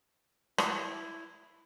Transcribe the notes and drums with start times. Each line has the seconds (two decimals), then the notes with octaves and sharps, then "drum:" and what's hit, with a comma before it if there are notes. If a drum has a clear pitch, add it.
0.58 E4, drum: rim click